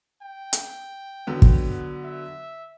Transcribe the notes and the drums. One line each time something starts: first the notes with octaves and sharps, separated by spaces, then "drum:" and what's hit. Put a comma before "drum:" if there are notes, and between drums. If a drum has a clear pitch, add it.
G5
drum: hi-hat
D3 F#3 B3
drum: kick
E5